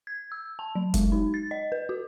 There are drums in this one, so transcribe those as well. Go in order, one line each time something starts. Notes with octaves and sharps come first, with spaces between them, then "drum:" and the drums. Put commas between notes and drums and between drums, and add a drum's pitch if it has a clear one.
G#6
E6
A5
F#3
G#3, drum: kick F1, hi-hat
D#4
A6
D#5
B4
F#4